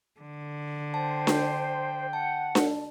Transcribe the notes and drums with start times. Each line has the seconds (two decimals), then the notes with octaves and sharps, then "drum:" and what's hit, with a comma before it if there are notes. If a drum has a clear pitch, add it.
0.20 D3
0.94 C5 G5 A5
1.27 drum: snare D4
2.13 F#5 A5
2.55 drum: snare D4